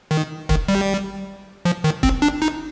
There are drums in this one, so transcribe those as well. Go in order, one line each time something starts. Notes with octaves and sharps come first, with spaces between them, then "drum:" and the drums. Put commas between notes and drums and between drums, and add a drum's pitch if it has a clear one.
D#3
D#3, drum: kick
G3
F3
D#3
C4, drum: kick
D4
D#4